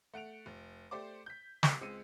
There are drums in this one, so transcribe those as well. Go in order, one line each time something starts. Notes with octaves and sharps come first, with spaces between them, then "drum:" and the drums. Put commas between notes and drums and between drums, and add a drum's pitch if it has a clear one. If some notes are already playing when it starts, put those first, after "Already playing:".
A3 F#5 D7 F7
F1
A3 G4 C5 D5 D6
G6 B6
drum: snare
C#2 G#3 C4 E6 C#7 D#7